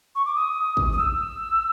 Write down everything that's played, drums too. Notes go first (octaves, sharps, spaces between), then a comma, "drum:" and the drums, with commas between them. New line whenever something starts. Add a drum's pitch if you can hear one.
C#6
D6
D#6
drum: kick
D#6
E6